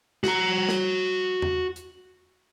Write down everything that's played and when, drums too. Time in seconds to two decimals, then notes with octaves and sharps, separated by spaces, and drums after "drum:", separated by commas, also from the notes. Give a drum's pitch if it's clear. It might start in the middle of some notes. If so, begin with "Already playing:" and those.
0.24 F#4 A#5, drum: snare
0.69 drum: snare
1.42 drum: tom E2
1.76 drum: hi-hat